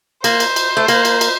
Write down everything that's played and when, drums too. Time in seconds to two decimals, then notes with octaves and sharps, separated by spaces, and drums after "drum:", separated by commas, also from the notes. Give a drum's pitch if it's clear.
0.24 A#3 C5, drum: cymbal
0.40 drum: cymbal
0.56 drum: cymbal
0.77 A3
0.88 A#3, drum: cymbal
1.05 drum: cymbal
1.21 drum: cymbal